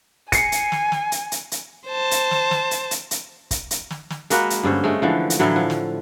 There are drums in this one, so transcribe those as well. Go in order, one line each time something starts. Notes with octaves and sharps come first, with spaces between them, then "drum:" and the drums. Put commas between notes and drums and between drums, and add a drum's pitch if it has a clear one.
G#5 C7 C#7, drum: kick, hi-hat
drum: hi-hat
drum: snare
drum: snare
drum: hi-hat
drum: hi-hat
drum: hi-hat
C5 A5
drum: hi-hat
drum: snare
drum: snare
drum: hi-hat
drum: hi-hat
drum: hi-hat
drum: kick, hi-hat
drum: hi-hat
drum: snare
drum: snare
G#3 A#3 F#4 B4, drum: hi-hat
drum: hi-hat
G2 D3 C#4 C5
G#3 A3
D3 E3 F3
drum: hi-hat
A2 D3 E3 F#3
F3
drum: snare